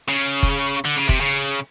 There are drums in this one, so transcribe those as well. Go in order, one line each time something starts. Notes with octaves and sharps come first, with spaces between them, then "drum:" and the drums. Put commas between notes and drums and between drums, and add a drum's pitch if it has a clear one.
C#3
drum: kick F1
D3
C#3
C3, drum: kick F1
C#3